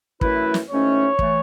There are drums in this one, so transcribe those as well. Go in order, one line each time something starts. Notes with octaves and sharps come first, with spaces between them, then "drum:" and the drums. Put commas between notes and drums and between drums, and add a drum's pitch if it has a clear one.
F#2 E3 A3 E4 B4, drum: kick
drum: snare
G#2 D#3 A3 C#4 E4 C#5
E3 A3, drum: kick